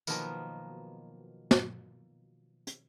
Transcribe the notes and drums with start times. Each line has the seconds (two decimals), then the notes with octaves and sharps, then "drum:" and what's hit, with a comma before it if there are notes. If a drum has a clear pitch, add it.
0.07 B2 D#3 F3 F#3 A#3 B3, drum: tambourine
1.51 drum: snare
2.67 drum: hi-hat